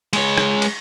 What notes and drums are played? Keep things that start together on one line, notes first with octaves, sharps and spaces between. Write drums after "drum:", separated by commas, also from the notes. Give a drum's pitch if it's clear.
G#3 C#5, drum: cymbal
drum: rim click
drum: cymbal